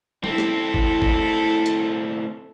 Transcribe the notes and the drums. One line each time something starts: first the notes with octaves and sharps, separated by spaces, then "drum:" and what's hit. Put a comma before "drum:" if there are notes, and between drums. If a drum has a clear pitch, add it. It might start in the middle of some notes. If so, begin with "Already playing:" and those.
A2 C4 E4 A4, drum: tom F#3
drum: snare B3
drum: kick
drum: kick
drum: hi-hat